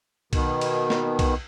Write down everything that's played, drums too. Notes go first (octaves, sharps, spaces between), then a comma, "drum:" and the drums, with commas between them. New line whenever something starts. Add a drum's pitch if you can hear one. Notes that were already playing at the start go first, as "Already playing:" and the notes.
B2 D#3, drum: kick B1, cymbal
drum: cymbal
drum: snare
drum: kick B1, cymbal